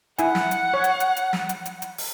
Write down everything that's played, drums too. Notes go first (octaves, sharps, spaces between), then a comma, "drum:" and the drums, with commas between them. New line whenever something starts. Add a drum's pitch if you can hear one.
E4 F#5 G#5, drum: hi-hat
drum: snare
drum: hi-hat
C#5
drum: hi-hat
drum: hi-hat
drum: hi-hat
drum: snare
drum: hi-hat
drum: hi-hat
drum: hi-hat
drum: open hi-hat